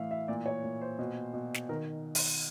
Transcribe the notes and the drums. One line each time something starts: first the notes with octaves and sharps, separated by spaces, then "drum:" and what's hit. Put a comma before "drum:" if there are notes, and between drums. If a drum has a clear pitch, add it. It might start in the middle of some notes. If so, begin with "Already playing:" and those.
Already playing: A2 E3 E5 F5
E5
A#2 D5
C#5
A#2
C5
B2
B2
drum: snare
D#3 A#4
drum: open hi-hat